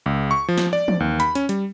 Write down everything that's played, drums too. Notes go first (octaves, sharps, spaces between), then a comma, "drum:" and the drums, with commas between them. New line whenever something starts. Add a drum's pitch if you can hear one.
C#2
C#6
F3
drum: snare
D5
drum: tom E3
D#2
B5, drum: hi-hat
C#4, drum: hi-hat
G3, drum: hi-hat